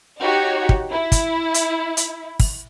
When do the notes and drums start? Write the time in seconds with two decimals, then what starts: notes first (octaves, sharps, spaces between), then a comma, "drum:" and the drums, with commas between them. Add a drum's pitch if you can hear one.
0.20 D#4 F#4 G4 C#5
0.69 drum: kick
0.90 E4
1.12 drum: kick, hi-hat
1.54 drum: hi-hat
1.97 drum: hi-hat
2.40 drum: kick, open hi-hat